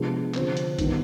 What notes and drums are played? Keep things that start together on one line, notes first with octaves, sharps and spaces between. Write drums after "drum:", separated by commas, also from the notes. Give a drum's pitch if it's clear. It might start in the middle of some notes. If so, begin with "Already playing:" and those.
Already playing: C3 F3 G#3 B3 D4
D3 F3 C4 F4, drum: clap
drum: hi-hat
G2 D#3 B3, drum: kick, hi-hat